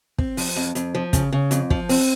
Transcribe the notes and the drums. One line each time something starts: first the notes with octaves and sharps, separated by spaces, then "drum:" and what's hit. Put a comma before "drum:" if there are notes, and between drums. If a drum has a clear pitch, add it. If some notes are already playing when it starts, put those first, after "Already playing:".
C4, drum: kick
F3, drum: open hi-hat
F2
F2, drum: hi-hat
F3
C#3, drum: kick, hi-hat
C#3
F2, drum: hi-hat
F3, drum: kick
C4, drum: open hi-hat